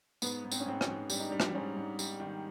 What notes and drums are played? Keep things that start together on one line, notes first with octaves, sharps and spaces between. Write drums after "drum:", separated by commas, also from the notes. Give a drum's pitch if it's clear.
G#2 B3, drum: tambourine
G#2
C4, drum: tambourine
C#4
G#2 C4
C#4, drum: rim click
G#2
G3 D4, drum: tambourine
D#4
G3 D4
drum: rim click
G#2 C#4
G#2
G3, drum: tambourine
D#3